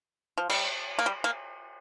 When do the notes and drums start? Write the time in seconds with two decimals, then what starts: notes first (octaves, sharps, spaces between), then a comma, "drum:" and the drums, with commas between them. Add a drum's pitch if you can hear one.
0.38 F3
0.50 G3, drum: cymbal
0.99 A#3
1.06 G3
1.24 A#3